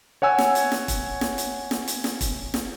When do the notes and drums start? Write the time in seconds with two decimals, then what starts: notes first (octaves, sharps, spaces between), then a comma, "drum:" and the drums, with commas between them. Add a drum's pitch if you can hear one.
0.22 C#5 F#5 G#5 E6
0.38 drum: snare
0.55 drum: hi-hat
0.72 drum: snare
0.88 drum: kick E1, hi-hat
1.21 drum: snare
1.38 drum: hi-hat
1.71 drum: snare
1.87 drum: hi-hat
2.04 drum: snare
2.21 drum: kick E1, hi-hat
2.54 drum: snare